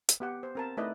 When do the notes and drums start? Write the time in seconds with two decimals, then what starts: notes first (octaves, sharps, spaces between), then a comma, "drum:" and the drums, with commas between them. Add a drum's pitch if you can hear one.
0.09 drum: hi-hat
0.20 B3 G4 F#5
0.43 C5
0.55 C4 A#4 A5
0.77 A3 D#4 E4 B4 D5 D#5